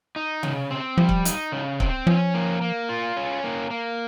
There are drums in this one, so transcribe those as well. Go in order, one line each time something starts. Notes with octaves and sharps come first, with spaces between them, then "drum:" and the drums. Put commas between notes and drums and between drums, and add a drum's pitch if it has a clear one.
D#4
C#3, drum: tom C3
C4
F3 G3
drum: kick
D#4, drum: hi-hat
C#3
C4, drum: kick
F3 C#4
A#3
A#3
F4
C#4
A#3
A#3